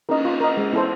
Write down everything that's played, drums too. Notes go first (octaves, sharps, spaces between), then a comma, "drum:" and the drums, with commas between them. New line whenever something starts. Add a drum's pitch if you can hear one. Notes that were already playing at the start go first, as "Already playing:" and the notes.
A#4 D#5, drum: cymbal
F4
A#4 D#5
G#3
B3 E4 A4 C5